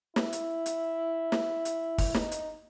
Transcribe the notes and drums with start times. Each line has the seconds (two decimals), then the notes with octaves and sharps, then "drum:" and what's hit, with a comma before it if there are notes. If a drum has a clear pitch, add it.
0.16 E4, drum: snare
0.33 drum: hi-hat
0.66 drum: hi-hat
1.32 drum: snare
1.65 drum: hi-hat
1.98 drum: kick, open hi-hat
2.14 D#4, drum: snare
2.32 drum: hi-hat